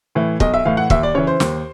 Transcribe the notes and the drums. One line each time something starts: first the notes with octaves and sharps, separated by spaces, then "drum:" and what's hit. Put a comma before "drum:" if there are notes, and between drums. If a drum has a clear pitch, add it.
A2 E3
B1 D#5, drum: kick
E5
A2 E3 F5
F#5
D#2 E5, drum: kick
D5
C#3 E3 C#5
C5
D#2, drum: snare